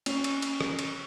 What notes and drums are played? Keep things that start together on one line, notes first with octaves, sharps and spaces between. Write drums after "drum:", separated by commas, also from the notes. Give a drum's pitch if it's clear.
C#4, drum: cymbal
drum: cymbal
drum: cymbal
drum: rim click
drum: cymbal